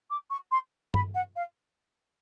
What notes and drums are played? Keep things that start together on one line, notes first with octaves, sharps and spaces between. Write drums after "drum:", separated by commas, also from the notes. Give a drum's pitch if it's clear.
D6
C#6
C6
B5, drum: tom G2
F#5
F5